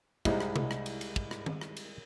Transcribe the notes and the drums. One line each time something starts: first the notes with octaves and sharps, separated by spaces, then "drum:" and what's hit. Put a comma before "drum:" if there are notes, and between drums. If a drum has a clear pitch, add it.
C2 G3 G#3 D#4 E4, drum: kick, cymbal
drum: rim click
drum: tom C3
drum: rim click
drum: cymbal
drum: cymbal
drum: kick
drum: rim click
drum: tom D#3
drum: rim click
drum: cymbal